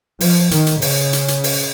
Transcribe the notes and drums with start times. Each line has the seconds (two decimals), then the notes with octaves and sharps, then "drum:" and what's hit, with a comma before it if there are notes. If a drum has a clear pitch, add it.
0.21 F3, drum: open hi-hat
0.51 D#3, drum: hi-hat
0.67 drum: hi-hat
0.82 C#3, drum: open hi-hat
1.13 drum: hi-hat
1.28 drum: hi-hat
1.44 drum: open hi-hat